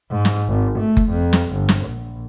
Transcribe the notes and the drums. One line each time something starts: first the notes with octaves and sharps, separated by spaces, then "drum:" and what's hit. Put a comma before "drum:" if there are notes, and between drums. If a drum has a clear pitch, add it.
G#2
drum: snare
G#1
A3
drum: kick F#1
F2
drum: snare
G1
drum: snare
A#1